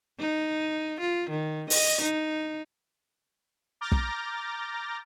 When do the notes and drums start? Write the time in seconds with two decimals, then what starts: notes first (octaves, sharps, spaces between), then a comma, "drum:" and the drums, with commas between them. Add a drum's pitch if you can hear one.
0.20 D#4
1.01 F4
1.30 D#3
1.70 D#5, drum: open hi-hat
2.01 D#4
3.81 A#5 D6 F6 G6 A6 A#6
3.92 drum: kick